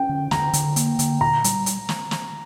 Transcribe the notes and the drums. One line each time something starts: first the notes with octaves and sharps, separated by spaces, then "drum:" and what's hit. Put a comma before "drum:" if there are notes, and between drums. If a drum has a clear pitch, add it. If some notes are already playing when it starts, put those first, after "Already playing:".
Already playing: C#4 G5
D3
D3 A#5, drum: snare
D3, drum: hi-hat
A#3, drum: hi-hat
D3, drum: hi-hat
A#2 A#5
G3, drum: hi-hat
drum: hi-hat
drum: snare
drum: snare